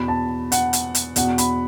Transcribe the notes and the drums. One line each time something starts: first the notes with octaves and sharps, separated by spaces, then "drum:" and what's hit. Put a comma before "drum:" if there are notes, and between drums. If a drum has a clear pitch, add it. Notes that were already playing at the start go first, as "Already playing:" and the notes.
Already playing: E2 B2 B5
A5
F#5, drum: hi-hat
drum: hi-hat
drum: hi-hat
E2 B2 F#5, drum: hi-hat
B5, drum: hi-hat